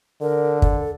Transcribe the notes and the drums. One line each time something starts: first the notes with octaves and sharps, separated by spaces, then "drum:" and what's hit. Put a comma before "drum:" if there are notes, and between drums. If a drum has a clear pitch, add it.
D3 A#4
A4, drum: kick